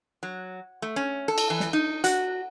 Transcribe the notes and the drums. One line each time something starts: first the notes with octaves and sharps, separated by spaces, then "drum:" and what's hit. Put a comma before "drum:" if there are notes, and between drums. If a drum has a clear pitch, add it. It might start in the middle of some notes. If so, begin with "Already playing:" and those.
F#3
A3
C#4
A4
drum: cymbal
E3
drum: snare
D#4
F#4, drum: hi-hat